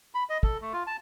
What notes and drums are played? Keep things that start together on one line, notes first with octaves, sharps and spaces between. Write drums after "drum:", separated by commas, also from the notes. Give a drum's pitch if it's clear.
B5
D#5
A4, drum: kick
A3
F4
A5